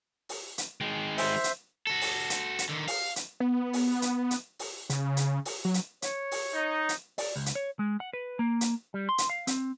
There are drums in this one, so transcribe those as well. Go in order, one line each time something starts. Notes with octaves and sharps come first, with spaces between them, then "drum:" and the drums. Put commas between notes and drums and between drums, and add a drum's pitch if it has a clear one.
drum: open hi-hat
drum: hi-hat
D#3 G#3
C5 E5, drum: open hi-hat
drum: hi-hat
F#4 A4
drum: open hi-hat
drum: hi-hat
drum: hi-hat
D3 D#3
F5, drum: open hi-hat
drum: hi-hat
B3
drum: open hi-hat
drum: hi-hat
drum: hi-hat
drum: open hi-hat
C#3, drum: hi-hat
drum: hi-hat
drum: open hi-hat
F#3
drum: hi-hat
C#5, drum: hi-hat
drum: open hi-hat
D#4
drum: hi-hat
D5, drum: open hi-hat
C#2
drum: hi-hat
C#5
G#3
F#5
B4
A#3
drum: hi-hat
G3
C6
drum: hi-hat
F5
C4, drum: hi-hat